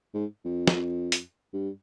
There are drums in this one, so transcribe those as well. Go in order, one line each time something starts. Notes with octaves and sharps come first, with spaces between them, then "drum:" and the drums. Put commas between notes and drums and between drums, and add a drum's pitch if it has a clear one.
G#2
F2
drum: snare
drum: hi-hat
G2